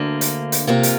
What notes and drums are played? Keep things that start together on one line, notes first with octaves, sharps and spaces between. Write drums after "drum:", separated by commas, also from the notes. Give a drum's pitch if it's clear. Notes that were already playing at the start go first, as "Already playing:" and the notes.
Already playing: D2 D3 A#3
drum: hi-hat
drum: hi-hat
C3 A#3 F4
drum: hi-hat